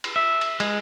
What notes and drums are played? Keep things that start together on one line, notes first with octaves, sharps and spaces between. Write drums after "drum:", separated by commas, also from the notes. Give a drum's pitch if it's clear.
drum: cymbal
E5
drum: cymbal
G#3, drum: cymbal